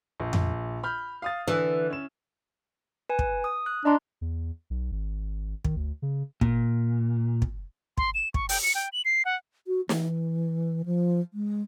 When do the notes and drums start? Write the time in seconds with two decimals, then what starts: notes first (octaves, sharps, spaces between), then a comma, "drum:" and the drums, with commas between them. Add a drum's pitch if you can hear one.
0.20 A#1
0.33 drum: tom F2
0.83 B5 F6 G6
1.22 F5 D#6 A6
1.48 D3 E3
1.90 C#4 E7
3.10 B4 G#5
3.19 drum: kick
3.44 D#6
3.66 F#6
3.85 D4 D#5 A#5 C6
4.21 E2
4.70 B1
4.92 G#1
5.65 D#3, drum: kick
5.76 D2
6.02 C#3
6.41 A#2, drum: kick
7.42 drum: kick
7.98 C6, drum: kick
8.14 E7
8.34 C#6, drum: kick
8.49 G5, drum: open hi-hat
8.63 C#7
8.75 G5
8.93 F#7
9.05 C7
9.25 F#5
9.67 F#4
9.89 E3, drum: snare
10.86 F3
11.34 G#3